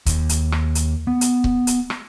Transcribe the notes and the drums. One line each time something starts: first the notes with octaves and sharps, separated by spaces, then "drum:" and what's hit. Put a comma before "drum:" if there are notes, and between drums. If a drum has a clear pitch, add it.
D#2, drum: kick C#1, hi-hat
drum: hi-hat
drum: rim click
drum: hi-hat
B3
drum: hi-hat
drum: kick C#1
drum: hi-hat
drum: rim click